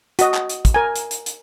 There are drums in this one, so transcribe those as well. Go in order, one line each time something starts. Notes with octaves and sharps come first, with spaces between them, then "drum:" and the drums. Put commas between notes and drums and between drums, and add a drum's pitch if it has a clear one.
F#4 D#5, drum: hi-hat
drum: clap
drum: hi-hat
drum: kick, hi-hat
A#4 G#5
drum: hi-hat
drum: hi-hat
drum: hi-hat